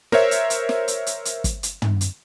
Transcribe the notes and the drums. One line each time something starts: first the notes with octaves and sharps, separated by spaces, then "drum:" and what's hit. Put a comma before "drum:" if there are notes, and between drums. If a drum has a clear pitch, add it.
A#4 C5 C#5 E5, drum: snare
drum: hi-hat
drum: hi-hat
drum: snare
drum: hi-hat
drum: hi-hat
drum: hi-hat
drum: kick, hi-hat
drum: hi-hat
drum: tom
drum: hi-hat